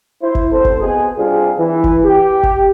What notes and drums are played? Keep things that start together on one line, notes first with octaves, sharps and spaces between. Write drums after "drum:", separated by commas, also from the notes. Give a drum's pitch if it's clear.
E4 C5
drum: kick G1
A1 C4 A4 C5
drum: kick G1
B2 G#4
C3 G3 D4 F4 G#4
E3
drum: kick G1
G4
drum: kick G1